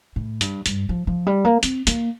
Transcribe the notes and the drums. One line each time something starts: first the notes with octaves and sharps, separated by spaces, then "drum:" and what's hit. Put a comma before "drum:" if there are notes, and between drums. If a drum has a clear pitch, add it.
A2
G2, drum: hi-hat
G2, drum: hi-hat
F3
F3
G3
A#3
C4, drum: hi-hat
A#3, drum: hi-hat